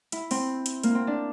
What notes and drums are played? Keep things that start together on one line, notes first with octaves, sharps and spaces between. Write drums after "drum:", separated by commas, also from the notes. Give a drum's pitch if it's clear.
E4, drum: hi-hat
C4, drum: open hi-hat
drum: hi-hat
A#3, drum: hi-hat
C4
D4